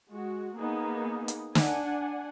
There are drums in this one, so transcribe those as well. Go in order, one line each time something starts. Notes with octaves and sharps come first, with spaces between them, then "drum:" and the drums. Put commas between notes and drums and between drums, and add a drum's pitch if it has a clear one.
G#3 F#4
A#3 B3 D#4 G#4
drum: hi-hat
D4 F#5 G#5, drum: snare